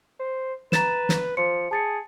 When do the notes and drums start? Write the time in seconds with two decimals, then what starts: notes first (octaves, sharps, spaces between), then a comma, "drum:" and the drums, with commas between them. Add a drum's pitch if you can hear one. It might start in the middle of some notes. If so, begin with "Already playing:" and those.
0.20 C5
0.72 B4 A#5 A6 E7, drum: snare
1.09 drum: snare
1.37 F3 C5 C6 C#7
1.71 G#4 A5 A6 C#7